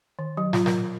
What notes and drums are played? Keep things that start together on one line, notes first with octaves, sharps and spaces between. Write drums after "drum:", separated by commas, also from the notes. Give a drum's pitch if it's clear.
D#3
F#3
F4, drum: snare
A#4, drum: snare